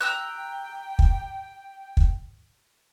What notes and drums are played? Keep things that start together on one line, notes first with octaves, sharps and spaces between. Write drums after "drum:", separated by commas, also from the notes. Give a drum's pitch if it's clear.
G5 A#5 E6 F#6
drum: kick
drum: kick